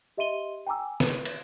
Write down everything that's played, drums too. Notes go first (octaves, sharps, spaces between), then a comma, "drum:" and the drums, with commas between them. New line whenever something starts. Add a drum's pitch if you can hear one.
G4 D#5 E5 C6 D#7 G7
G5 G#5 A#5 D6 E6
B4, drum: snare
drum: cymbal